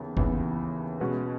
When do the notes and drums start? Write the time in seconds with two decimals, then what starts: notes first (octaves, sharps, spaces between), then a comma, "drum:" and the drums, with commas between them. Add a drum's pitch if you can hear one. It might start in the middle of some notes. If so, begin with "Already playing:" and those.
Already playing: D#2 C#3 E3 B3
0.17 D#2 C#3 E3 B3, drum: kick F#1
1.00 B2 G#3 C#4 F#4 B4